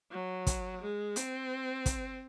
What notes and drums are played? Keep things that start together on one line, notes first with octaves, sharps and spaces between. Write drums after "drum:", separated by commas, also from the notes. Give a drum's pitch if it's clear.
F#3
drum: kick, hi-hat
G#3
C4, drum: hi-hat
drum: kick, hi-hat